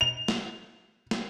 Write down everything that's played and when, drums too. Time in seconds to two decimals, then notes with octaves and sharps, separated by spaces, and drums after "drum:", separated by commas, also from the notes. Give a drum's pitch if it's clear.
0.01 F7
0.28 drum: snare
1.11 drum: snare